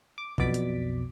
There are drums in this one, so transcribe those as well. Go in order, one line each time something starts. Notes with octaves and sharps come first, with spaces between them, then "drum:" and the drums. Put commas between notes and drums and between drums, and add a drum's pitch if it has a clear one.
D6
B1 F2 B2 D5 D6 B6, drum: kick A1
drum: hi-hat